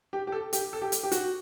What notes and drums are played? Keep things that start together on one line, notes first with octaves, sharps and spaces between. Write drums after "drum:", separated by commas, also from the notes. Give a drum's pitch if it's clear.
G4
G4
A4
G4, drum: hi-hat
A4
G4
drum: hi-hat
G4
F#4, drum: hi-hat